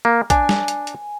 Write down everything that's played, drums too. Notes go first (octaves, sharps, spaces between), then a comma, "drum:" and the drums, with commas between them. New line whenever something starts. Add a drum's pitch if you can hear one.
A#3
D4 G#5, drum: kick A#1, hi-hat
drum: snare
drum: hi-hat
drum: hi-hat